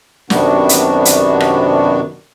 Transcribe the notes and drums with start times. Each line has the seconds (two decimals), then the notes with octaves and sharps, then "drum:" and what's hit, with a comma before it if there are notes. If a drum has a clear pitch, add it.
0.30 F#2 C3 D#3 B3 D4 F#4, drum: snare
0.69 drum: hi-hat
1.05 drum: hi-hat
1.40 drum: rim click